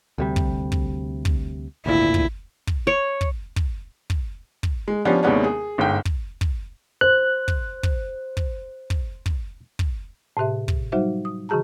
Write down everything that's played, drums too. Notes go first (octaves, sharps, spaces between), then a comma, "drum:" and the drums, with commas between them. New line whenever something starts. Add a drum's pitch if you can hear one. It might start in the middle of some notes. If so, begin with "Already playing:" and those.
D2 C3 G3
drum: kick
drum: kick
drum: kick
G#1 D2 A#2 E4
drum: kick
drum: kick
C#5
drum: kick
drum: kick
drum: kick
drum: kick
G#3
F3 B3 C#4 D4 G4
D#2 C3 G#3 B3 C#4 D4
G#4
G1 G#2 G5
drum: kick
drum: kick
C5 F#6
drum: kick
drum: kick
drum: kick
drum: kick
drum: kick
drum: kick
A2 C3 G4 E5
drum: kick
F#3 G3 D#4 F#4 C5 E5
D#6
C#3 E3 F#4 G#4 A5 A#5